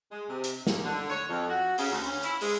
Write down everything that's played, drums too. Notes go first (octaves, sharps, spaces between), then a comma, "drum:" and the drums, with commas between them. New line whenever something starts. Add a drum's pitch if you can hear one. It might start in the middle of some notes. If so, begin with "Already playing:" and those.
G#3
C3
drum: hi-hat
D#2, drum: snare
D3
C#5
F2
F#4
C#3, drum: open hi-hat
D2
C#4
E4, drum: hi-hat
G#3, drum: open hi-hat